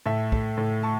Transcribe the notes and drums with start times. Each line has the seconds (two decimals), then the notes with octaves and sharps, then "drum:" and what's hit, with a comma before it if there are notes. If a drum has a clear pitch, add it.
0.06 A2 E5 A5
0.32 A3, drum: kick
0.58 A2
0.83 A3 A5 C#6